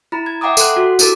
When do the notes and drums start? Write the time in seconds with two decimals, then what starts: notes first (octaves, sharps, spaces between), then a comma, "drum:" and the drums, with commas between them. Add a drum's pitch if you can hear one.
0.12 E4 A#5 B5
0.26 G#6
0.41 E5 F#5 G5 A#5 D6 D#6
0.57 A4 F#5 C6 F#6, drum: tambourine
0.76 F#4
0.99 D4 E4 G4 A4 A#4 D6, drum: tambourine